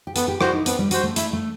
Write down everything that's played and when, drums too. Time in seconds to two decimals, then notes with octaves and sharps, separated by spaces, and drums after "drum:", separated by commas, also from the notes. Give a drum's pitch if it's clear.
0.07 G4
0.16 B3 A4, drum: hi-hat
0.28 G4
0.41 E4 F#4 C5, drum: rim click
0.53 D#4
0.66 B3 C4, drum: hi-hat
0.79 G3
0.91 G3 F#4 C5, drum: hi-hat
1.03 A3
1.16 A3 E4, drum: hi-hat
1.33 A3